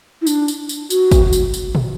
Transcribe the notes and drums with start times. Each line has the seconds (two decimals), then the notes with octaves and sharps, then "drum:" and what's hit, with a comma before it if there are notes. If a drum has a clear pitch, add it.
0.22 E4
0.27 D4, drum: tambourine
0.48 drum: tambourine
0.69 drum: tambourine
0.90 F#4, drum: tambourine
1.11 drum: kick, tambourine
1.33 drum: tambourine
1.54 drum: tambourine
1.75 drum: tom